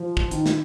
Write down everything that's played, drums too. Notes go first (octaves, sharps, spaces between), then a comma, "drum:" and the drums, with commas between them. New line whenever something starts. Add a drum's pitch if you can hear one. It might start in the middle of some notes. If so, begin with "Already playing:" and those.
Already playing: F3
drum: kick
D#3, drum: hi-hat
drum: snare